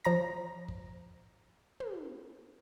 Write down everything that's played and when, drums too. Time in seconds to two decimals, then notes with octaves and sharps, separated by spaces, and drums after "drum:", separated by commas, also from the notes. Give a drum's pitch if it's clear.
0.05 F3 A#5 A#6, drum: hi-hat
0.68 drum: kick
1.80 drum: tom